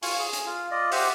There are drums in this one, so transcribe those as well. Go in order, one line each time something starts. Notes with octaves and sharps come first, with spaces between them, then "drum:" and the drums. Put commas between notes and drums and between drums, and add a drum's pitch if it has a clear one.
F4 F5 G#5 C#6, drum: open hi-hat
G#4
drum: hi-hat
F4
F4 D5 D#5
G4 C5 E5 F#5, drum: open hi-hat